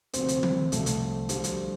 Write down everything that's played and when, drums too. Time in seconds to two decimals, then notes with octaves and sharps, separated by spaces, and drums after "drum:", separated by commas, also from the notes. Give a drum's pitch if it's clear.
0.13 D2 C3 F3 C4, drum: hi-hat
0.28 drum: hi-hat
0.43 drum: tom
0.72 C2 C3 F3 A3, drum: hi-hat
0.86 drum: hi-hat
1.29 D2 D3 F3 G3, drum: hi-hat
1.44 drum: hi-hat